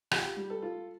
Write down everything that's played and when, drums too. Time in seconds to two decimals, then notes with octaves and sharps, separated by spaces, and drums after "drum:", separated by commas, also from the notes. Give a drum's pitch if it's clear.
0.11 F4 G4, drum: rim click
0.37 G3
0.50 A4
0.62 F4